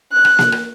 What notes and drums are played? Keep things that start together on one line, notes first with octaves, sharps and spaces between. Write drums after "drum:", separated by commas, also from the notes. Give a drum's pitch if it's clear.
F#6
drum: rim click
drum: snare
drum: rim click